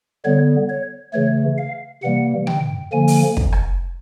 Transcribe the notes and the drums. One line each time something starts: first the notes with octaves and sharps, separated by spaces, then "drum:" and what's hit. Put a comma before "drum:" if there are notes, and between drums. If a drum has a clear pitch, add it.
D3 G3 B3 C#5
C#5
C#3 E3 A3 C#5
F5
C3 E3 G3 A#3 F#5
G5, drum: tom
D3 F3 A#3 G#5
drum: open hi-hat
drum: kick
drum: rim click